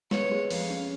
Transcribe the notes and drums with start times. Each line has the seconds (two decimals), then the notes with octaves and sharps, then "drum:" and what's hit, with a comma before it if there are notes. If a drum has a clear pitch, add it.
0.11 B3 C#5, drum: snare
0.31 G#3
0.50 F2 F5, drum: open hi-hat
0.70 C#4